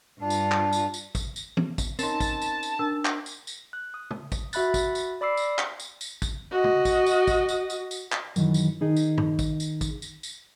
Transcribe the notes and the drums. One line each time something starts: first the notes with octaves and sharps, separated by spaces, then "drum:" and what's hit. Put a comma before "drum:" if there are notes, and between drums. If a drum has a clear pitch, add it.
G2 D4 F4
drum: tambourine
drum: clap
drum: tambourine
drum: tambourine
drum: kick, tambourine
drum: tambourine
drum: tom
drum: kick, tambourine
C4 C#4 D#4 A#4 A5 C6, drum: tambourine
drum: kick, tambourine
drum: tambourine
drum: tambourine
D4 A#4 E6
drum: clap
drum: tambourine
drum: tambourine
F#6
D#6
drum: tom
drum: kick, tambourine
F#4 E5 B5 F#6 A6, drum: tambourine
drum: kick, tambourine
drum: tambourine
D5 B5 D6 E6 C7
drum: tambourine
drum: clap
drum: tambourine
drum: tambourine
drum: kick, tambourine
F#4 D#5
drum: tom
drum: kick, tambourine
drum: tambourine
drum: kick, tambourine
drum: tambourine
drum: tambourine
drum: tambourine
drum: clap
F#2 D#3 E3, drum: tambourine
drum: tambourine
D#3 D#4 G#4
drum: tambourine
drum: tom G2
drum: kick, tambourine
drum: tambourine
drum: kick, tambourine
drum: tambourine
drum: tambourine